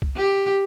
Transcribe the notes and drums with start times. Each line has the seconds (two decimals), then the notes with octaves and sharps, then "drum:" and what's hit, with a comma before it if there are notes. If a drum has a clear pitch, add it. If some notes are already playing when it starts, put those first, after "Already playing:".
0.02 drum: kick C2
0.16 G4